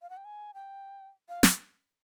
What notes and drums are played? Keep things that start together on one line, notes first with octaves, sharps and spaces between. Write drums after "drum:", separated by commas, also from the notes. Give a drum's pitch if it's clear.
F5
F#5
G5
G#5
G5
F5
drum: snare